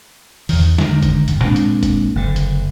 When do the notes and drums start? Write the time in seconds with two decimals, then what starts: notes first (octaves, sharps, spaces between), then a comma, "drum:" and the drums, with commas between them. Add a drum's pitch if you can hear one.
0.49 E2 D#3, drum: open hi-hat
0.78 D3 D#3 G#3, drum: snare
1.03 drum: kick, hi-hat
1.28 D#1 F2, drum: hi-hat
1.44 A#2 G#3 C4 D4
1.56 drum: hi-hat
1.83 drum: kick, hi-hat
2.15 F#1 D3
2.36 drum: hi-hat